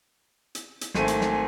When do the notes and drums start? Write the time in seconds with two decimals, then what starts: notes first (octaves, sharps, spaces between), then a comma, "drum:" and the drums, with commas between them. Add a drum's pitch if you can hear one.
0.55 drum: hi-hat
0.81 drum: hi-hat
0.95 G#1 A3 C4 G#5 D#7, drum: snare
1.08 drum: hi-hat
1.21 drum: snare